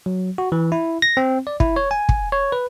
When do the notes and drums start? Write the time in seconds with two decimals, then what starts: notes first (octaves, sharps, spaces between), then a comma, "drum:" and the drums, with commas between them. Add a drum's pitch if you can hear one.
0.06 F#3
0.38 F#4
0.52 E3
0.72 E4
1.02 A#6
1.17 C4
1.47 D5
1.60 E4, drum: kick
1.76 C#5
1.91 G#5
2.09 drum: kick
2.32 C#5
2.52 B4